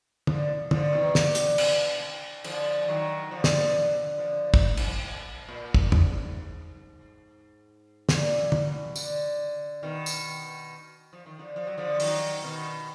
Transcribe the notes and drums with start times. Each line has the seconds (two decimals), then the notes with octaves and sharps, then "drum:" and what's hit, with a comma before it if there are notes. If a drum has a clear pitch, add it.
0.27 D3 F3, drum: tom
0.71 D3 F3, drum: tom
0.93 B2 D#3
1.15 D3, drum: snare
1.35 drum: hi-hat
1.58 B2, drum: cymbal
2.44 D3 F3, drum: cymbal
2.88 D#3 F#3
3.31 D3 F3
3.44 G#2, drum: snare
3.55 A#2
3.64 B2
3.75 D3
4.18 D3 F3
4.54 drum: kick
4.77 drum: cymbal
5.48 A#2
5.74 drum: kick
5.92 G#2, drum: tom
8.09 A#2, drum: snare
8.52 B2, drum: tom
8.96 D3, drum: tambourine
9.83 B2 D#3
10.06 drum: tambourine
11.13 F3
11.26 D#3
11.39 D3 F3
11.56 F3
11.67 F#3
11.78 D3 F3
12.00 D#3 F#3, drum: open hi-hat
12.43 B2 D#3